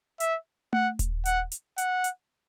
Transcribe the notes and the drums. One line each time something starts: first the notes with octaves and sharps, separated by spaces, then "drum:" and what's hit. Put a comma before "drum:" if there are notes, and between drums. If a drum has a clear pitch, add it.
E5, drum: hi-hat
F#5, drum: tom A3
drum: kick D#1, hi-hat
F#5, drum: hi-hat
drum: hi-hat
F#5, drum: hi-hat
drum: hi-hat